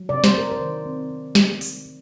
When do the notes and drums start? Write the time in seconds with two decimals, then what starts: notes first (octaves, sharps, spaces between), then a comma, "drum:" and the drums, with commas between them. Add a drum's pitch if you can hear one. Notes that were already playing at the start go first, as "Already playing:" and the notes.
Already playing: F#3
0.09 C3 D5
0.24 C5, drum: snare
0.34 C3 A#4
0.51 C5
0.60 D#3
0.86 C4
1.10 C4
1.35 A3, drum: snare
1.61 D3, drum: open hi-hat
1.86 D3